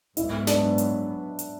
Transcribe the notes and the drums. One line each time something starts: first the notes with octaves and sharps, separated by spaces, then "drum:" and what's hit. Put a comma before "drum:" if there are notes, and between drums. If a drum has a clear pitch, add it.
G#2 F#3 B3 E4, drum: hi-hat
D4, drum: snare
drum: hi-hat
drum: hi-hat